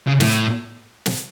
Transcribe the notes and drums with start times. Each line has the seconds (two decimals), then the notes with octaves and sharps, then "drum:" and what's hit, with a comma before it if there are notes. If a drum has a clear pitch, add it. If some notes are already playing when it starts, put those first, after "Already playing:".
0.07 C#3
0.20 A2, drum: snare
1.06 drum: snare